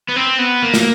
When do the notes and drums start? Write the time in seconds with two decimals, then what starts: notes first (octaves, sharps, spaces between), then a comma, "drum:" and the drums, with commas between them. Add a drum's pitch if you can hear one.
0.09 B3
0.16 C4
0.39 B3
0.62 A#3
0.74 drum: snare